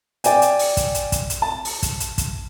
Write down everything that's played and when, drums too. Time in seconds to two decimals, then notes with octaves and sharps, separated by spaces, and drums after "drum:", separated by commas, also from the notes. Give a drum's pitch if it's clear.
0.24 D5 G5 G#5, drum: hi-hat
0.42 drum: hi-hat
0.59 drum: open hi-hat
0.77 drum: kick, hi-hat
0.95 drum: hi-hat
1.12 drum: kick, hi-hat
1.30 drum: hi-hat
1.42 A5
1.65 drum: open hi-hat
1.83 drum: kick, hi-hat
2.00 drum: hi-hat
2.18 drum: kick, hi-hat